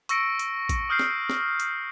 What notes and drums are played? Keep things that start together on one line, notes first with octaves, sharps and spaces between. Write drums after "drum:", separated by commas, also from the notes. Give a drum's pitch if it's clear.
C#6 E6 A#6 C#7 D7, drum: hi-hat
drum: hi-hat
drum: kick, hi-hat
D#6 F6 G6 C7
drum: snare
drum: snare
drum: hi-hat